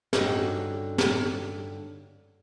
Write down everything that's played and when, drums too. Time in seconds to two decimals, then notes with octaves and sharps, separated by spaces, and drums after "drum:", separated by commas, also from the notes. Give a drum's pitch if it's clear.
0.13 G2 D3 C#4 D#4 F#4, drum: snare
0.98 drum: snare